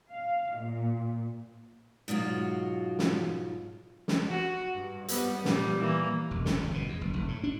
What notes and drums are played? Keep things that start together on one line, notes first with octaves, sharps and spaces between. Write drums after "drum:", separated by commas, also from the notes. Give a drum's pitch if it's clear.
F5
A#2
G#2 B2 F#3 F4 F#4
drum: snare
drum: snare
F#4
G2
G3 B3, drum: hi-hat
A#2 G3, drum: snare
E3 A#3
E1
A2, drum: snare
G1
B2
E2
F#1
F1
A2
D4